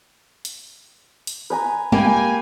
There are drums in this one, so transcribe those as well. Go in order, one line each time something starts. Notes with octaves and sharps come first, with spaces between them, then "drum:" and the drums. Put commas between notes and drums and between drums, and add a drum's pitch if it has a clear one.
drum: hi-hat
drum: hi-hat
B4 G#5 A#5
A#3 G4 G5 G#5 B5, drum: tom G3